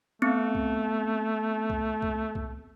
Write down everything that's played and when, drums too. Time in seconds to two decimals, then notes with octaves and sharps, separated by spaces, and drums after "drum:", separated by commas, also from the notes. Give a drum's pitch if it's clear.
0.22 A3 B3 C4
0.55 drum: kick C2
1.70 drum: kick C2
2.02 drum: kick C2
2.35 drum: kick C2